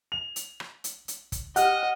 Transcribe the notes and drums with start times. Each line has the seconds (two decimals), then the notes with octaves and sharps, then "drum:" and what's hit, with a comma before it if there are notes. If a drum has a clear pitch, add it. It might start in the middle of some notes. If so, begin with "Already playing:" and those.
0.12 F7
0.36 drum: hi-hat
0.60 drum: rim click
0.84 drum: hi-hat
1.08 drum: hi-hat
1.32 drum: kick, hi-hat
1.56 G4 D#5 F#5 F6, drum: hi-hat